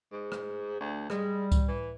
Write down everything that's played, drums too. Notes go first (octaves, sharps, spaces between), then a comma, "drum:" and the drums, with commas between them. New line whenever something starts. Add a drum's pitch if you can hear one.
G#2
drum: rim click
D2
G3 G#3, drum: rim click
drum: kick C#2, tambourine
E3